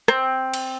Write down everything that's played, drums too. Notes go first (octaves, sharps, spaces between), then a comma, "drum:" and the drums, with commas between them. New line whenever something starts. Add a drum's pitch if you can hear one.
C4, drum: rim click
drum: cymbal